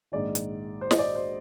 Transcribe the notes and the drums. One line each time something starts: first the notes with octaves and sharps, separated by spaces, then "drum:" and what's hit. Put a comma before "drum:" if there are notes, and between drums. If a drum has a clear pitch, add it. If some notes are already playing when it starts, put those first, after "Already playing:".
A#1 G#2 D#3 D5
drum: hi-hat
C5
D#5, drum: snare
D5
C5